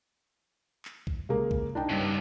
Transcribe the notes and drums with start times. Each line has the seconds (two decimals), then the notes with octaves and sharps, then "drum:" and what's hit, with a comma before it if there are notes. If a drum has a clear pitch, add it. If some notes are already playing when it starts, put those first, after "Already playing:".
0.85 drum: clap
1.07 drum: kick B1
1.29 C#3 G#3 A#3
1.51 drum: kick B1
1.75 D4 D#4 G5
1.89 G2 C#3